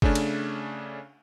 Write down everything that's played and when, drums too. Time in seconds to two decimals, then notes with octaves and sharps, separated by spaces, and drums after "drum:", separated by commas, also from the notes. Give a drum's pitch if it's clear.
0.02 C#3 A3 C#4 D4, drum: kick G1
0.15 drum: cymbal